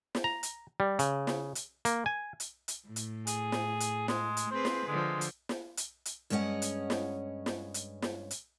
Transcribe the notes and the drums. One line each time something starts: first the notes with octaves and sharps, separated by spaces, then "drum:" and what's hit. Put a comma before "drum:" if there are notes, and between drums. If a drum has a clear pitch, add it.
drum: snare
A#5
drum: hi-hat
G3
C#3, drum: hi-hat
drum: snare
drum: hi-hat
A#3, drum: hi-hat
G#5
drum: hi-hat
drum: hi-hat
A2
drum: hi-hat
G#4, drum: hi-hat
drum: snare
drum: hi-hat
G#3, drum: snare
drum: hi-hat
C4 G#4 B4 C5
drum: snare
D3 F3 G#3
drum: hi-hat
drum: snare
drum: hi-hat
drum: hi-hat
G2 G#3 C#4 C#5 D#5 F#5
drum: hi-hat
drum: snare
drum: snare
drum: hi-hat
drum: snare
drum: hi-hat